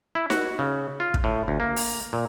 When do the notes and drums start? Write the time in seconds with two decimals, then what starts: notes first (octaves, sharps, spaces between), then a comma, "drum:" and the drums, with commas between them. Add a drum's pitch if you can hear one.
0.15 E4
0.30 F#4, drum: snare D#4
0.59 C#3
1.00 F4
1.14 drum: kick
1.24 A2
1.48 D2
1.60 A#3
1.76 drum: open hi-hat
2.13 A#2